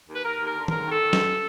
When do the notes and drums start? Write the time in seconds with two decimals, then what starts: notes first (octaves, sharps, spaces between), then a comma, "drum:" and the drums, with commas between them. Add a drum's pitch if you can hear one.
0.08 D#2
0.13 B4
0.24 D#2 A#4
0.38 D#2
0.46 A#4
0.53 D3
0.68 G#2 A#4, drum: tom D#3
0.83 D#3
0.90 A4
0.98 D#3
1.13 G#2, drum: snare